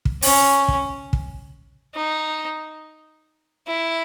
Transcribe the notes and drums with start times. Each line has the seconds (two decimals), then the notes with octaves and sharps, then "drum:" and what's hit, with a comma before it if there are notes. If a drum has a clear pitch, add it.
0.05 drum: kick
0.22 C#4, drum: open hi-hat
0.68 drum: kick
1.13 drum: kick
1.95 D#4
3.67 E4